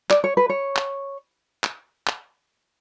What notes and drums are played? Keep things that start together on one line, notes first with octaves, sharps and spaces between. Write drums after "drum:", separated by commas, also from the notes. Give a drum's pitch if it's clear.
D5, drum: clap
C#5
B4
C#5
drum: clap
drum: clap
drum: clap